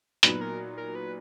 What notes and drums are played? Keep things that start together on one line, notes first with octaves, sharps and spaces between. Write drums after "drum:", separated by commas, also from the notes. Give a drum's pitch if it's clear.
A#2 F#3 B3 D#4 B4, drum: hi-hat
A#4
A#4
B4